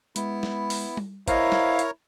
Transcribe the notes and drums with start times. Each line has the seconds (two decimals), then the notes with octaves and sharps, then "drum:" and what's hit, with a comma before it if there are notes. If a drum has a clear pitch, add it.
0.16 G#3 B3 E4, drum: hi-hat
0.43 drum: snare
0.70 drum: open hi-hat
0.97 drum: tom G3
1.28 E4 A#4 C5 C#5 D#5 F5 A#5, drum: kick, hi-hat
1.52 drum: snare
1.79 drum: hi-hat